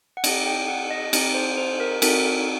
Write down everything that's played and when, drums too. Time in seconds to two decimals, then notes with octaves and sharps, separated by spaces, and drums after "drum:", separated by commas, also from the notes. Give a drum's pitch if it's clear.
0.17 F#5
0.24 C4 D#4 G4 D#5, drum: cymbal
0.46 G5
0.68 F#5
0.91 D#5
1.13 C4 D#4 G4, drum: cymbal
1.34 C5
1.58 C5
1.80 A#4
2.02 C4 D#4 F#4 A4 A#4, drum: cymbal